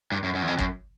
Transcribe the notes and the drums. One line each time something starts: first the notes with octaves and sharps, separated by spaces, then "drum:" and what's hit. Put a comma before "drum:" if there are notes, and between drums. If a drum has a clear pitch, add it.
G2
F#2
F#2
E2
F2
F#2, drum: kick